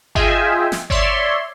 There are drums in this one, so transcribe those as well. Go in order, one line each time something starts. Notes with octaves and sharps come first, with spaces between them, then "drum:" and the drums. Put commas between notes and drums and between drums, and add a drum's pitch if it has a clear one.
F4 G#4 D#5 E5 G5 G#5, drum: kick G1
drum: snare
C#5 D5 E5 C6, drum: kick G1